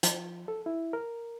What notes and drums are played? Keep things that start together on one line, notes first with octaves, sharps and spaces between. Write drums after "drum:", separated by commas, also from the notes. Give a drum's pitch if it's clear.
F3, drum: hi-hat
A4
E4
A#4